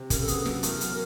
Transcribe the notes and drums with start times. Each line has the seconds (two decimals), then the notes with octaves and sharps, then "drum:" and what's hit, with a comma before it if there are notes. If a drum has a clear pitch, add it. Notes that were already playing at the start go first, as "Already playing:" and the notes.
Already playing: C3
0.10 C#3 A#4, drum: kick, hi-hat
0.20 A4
0.28 B3 G#4, drum: hi-hat
0.39 A4
0.46 F#3, drum: snare
0.63 E2 A#4, drum: hi-hat
0.81 F#3, drum: hi-hat